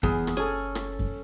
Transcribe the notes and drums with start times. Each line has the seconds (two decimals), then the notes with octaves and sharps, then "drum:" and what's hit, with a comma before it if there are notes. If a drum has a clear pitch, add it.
0.03 F#1 E2 G#4, drum: kick F#2
0.27 drum: rim click
0.37 C#4 G#4 A4
0.75 drum: rim click
0.99 drum: kick F#2